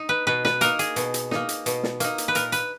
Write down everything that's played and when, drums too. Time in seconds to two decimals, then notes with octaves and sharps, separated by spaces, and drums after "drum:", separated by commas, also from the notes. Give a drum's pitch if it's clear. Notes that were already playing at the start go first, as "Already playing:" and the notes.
Already playing: D#4
0.09 B4
0.27 B2 B4
0.45 B4, drum: snare
0.61 A#3 D#4 A#4, drum: hi-hat
0.79 G#4, drum: hi-hat
0.96 B2, drum: hi-hat
1.14 drum: hi-hat
1.31 A#3 D#4, drum: snare
1.49 drum: hi-hat
1.66 B2, drum: hi-hat
1.83 drum: snare
2.00 A#3 D#4, drum: hi-hat
2.18 drum: hi-hat
2.28 B4
2.35 A#2 A#4, drum: hi-hat
2.52 B4, drum: hi-hat